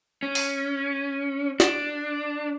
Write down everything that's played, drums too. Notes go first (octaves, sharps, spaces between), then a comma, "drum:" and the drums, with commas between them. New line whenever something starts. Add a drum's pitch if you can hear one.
C#4
drum: open hi-hat
D4, drum: snare